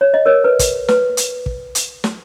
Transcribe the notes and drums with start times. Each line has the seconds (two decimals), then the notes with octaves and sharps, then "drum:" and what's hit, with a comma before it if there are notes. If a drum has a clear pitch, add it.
0.01 C#5
0.14 D#5
0.26 A#4 C#5
0.44 B4
0.59 drum: kick, hi-hat
0.88 B4, drum: snare
1.17 drum: hi-hat
1.46 drum: kick
1.75 drum: hi-hat
2.04 drum: snare